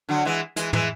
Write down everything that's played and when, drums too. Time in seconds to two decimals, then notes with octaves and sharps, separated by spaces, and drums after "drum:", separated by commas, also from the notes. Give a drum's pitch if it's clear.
0.09 D3 F#3
0.25 E3 G#3
0.56 E3 G#3, drum: hi-hat
0.73 E3 G#3, drum: tom